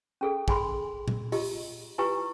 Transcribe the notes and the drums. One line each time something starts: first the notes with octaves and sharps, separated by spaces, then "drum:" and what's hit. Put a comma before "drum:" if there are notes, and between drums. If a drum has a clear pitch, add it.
C#4 G#4 A4
G#4 G#5 B5 C6, drum: kick
drum: tom A#2
F4 G4 D#5, drum: open hi-hat
E4 F4 G4 B4 G#5 C#6